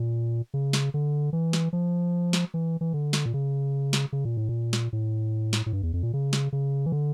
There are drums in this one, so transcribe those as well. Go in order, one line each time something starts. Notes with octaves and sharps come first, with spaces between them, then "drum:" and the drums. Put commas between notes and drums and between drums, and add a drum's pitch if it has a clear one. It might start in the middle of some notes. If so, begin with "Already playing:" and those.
Already playing: A#2
C#3
drum: snare
D3
E3
drum: snare
F3
drum: snare
E3
E3
D3
drum: snare
A#2
C#3
drum: snare
C#3
A#2
A2
A#2
drum: snare
A2
drum: snare
A2
G2
E2
F2
A#2
C#3
drum: snare
C#3
E3
D3